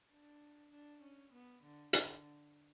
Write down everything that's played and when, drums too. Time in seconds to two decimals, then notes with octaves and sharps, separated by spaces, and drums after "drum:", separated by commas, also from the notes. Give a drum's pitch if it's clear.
0.10 D4
0.71 D4
1.01 C#4
1.32 B3
1.63 D3
1.93 D3, drum: hi-hat